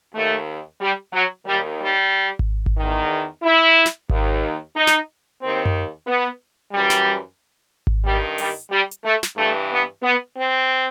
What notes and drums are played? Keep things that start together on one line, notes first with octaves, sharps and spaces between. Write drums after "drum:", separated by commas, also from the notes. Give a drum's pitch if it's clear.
D#2 D#3 A3
G3
F#3
D#2 D#3 G3
G3
drum: kick G#1
drum: kick G#1
E2 D#3
E4
drum: snare
D#2 D#3, drum: kick G#1
D#4
drum: snare
D#2 D#3 C4
drum: tom F#2
B3
F#2 E3 G3
drum: snare
drum: kick G#1
G2 D#3 G3
G3, drum: open hi-hat
G3
drum: hi-hat
A3
drum: snare
G2 E3 A3
B3
B3
C4